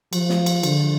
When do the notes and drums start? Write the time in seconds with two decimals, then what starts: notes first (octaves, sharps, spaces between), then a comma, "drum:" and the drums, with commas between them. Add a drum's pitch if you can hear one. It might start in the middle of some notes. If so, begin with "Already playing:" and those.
0.13 F3, drum: cymbal
0.29 drum: snare
0.46 drum: cymbal
0.63 D3, drum: cymbal